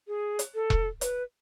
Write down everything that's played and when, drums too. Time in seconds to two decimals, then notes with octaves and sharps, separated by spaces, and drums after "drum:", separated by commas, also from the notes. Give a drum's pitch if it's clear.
0.08 G#4
0.39 drum: hi-hat
0.54 A4
0.70 drum: kick E1
1.01 B4, drum: hi-hat